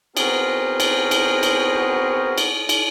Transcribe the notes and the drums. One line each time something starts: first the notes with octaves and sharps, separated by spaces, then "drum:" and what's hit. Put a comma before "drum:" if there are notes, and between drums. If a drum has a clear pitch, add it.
B3 C4 F#4 G#4 A#4, drum: cymbal
drum: cymbal
drum: cymbal
drum: cymbal
drum: cymbal
drum: cymbal